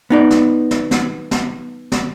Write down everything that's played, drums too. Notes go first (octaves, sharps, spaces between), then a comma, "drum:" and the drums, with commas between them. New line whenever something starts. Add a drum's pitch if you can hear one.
B3 D#4 D5
drum: snare
drum: snare
drum: snare
drum: snare
drum: snare